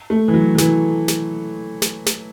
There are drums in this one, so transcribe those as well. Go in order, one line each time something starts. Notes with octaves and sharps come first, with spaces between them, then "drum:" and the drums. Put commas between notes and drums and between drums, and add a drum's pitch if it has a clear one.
A3
E3
F#3
F#3
E3, drum: snare
drum: snare
drum: snare
drum: snare